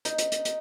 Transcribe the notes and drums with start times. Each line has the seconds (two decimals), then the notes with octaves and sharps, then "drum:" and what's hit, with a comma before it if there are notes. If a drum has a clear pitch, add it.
0.05 D#4, drum: hi-hat
0.18 drum: hi-hat
0.32 drum: hi-hat
0.45 drum: hi-hat